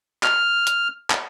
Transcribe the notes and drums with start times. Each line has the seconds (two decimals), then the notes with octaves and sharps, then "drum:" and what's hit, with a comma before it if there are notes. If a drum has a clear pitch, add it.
0.23 F6, drum: clap
0.67 drum: hi-hat
1.10 drum: clap